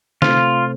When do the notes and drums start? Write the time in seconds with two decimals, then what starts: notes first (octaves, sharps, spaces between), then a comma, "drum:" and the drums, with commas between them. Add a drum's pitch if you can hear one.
0.22 C3 A3 C4 F4 A4 C5, drum: snare